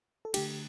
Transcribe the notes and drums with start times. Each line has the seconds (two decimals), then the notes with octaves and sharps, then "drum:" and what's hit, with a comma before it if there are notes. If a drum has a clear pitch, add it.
0.25 A4
0.34 D3 A3 D4 G4, drum: cymbal